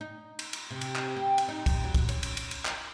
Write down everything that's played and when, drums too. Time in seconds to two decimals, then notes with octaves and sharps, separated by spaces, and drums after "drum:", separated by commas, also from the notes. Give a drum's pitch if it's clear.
0.01 D#4
0.39 drum: cymbal
0.53 drum: cymbal
0.71 C3
0.81 drum: cymbal
0.95 drum: clap
1.16 C4
1.38 drum: cymbal
1.49 D#4
1.66 drum: kick, cymbal
1.84 F#3
1.95 drum: kick, cymbal
2.09 C#4, drum: cymbal
2.23 drum: cymbal
2.37 drum: cymbal
2.51 drum: cymbal
2.65 drum: clap